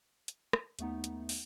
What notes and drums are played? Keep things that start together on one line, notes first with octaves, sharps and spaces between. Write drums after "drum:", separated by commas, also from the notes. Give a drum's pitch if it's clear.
drum: hi-hat
drum: rim click
D#2 A3 B3 D#4, drum: hi-hat
drum: hi-hat
drum: open hi-hat